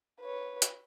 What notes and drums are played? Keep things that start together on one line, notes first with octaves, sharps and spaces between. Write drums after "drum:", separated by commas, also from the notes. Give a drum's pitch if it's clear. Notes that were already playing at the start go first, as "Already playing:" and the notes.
B4 C#5
drum: hi-hat